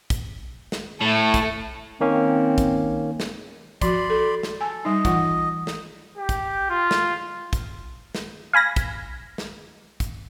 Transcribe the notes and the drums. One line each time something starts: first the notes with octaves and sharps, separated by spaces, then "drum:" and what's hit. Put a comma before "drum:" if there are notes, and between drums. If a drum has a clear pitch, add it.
drum: kick, hi-hat
drum: snare
A2 A3 A4
drum: kick, hi-hat
D#3 A#3 C4 C#4
drum: kick, hi-hat
drum: snare
F3 F#4 D5 B5 C6, drum: kick, hi-hat
A4
drum: snare
A4 G#5
G3 D#4 D#5
E3 F4 F#5, drum: kick, hi-hat
drum: snare
G4
drum: kick, hi-hat
F4
drum: snare
drum: kick, hi-hat
drum: snare
F5 G#5 B5 A#6
drum: kick, hi-hat
drum: snare
drum: kick, hi-hat